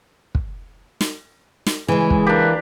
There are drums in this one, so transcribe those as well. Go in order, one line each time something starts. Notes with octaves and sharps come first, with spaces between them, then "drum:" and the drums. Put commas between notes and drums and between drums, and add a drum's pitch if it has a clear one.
drum: kick
drum: snare
drum: snare
C#3 E3 G#3 G#4
drum: kick
A#3 D4 G4